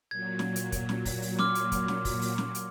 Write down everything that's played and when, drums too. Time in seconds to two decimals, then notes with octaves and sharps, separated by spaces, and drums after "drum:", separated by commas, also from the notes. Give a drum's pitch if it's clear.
0.11 A#2 F#3 G#6
0.39 drum: snare
0.56 drum: hi-hat
0.72 drum: kick, hi-hat
0.89 drum: snare
1.05 drum: kick, open hi-hat
1.22 drum: open hi-hat
1.39 C6 D6 F6, drum: snare
1.55 drum: hi-hat
1.72 drum: kick, hi-hat
1.88 drum: snare
2.05 drum: kick, open hi-hat
2.21 drum: open hi-hat
2.38 drum: snare
2.55 drum: hi-hat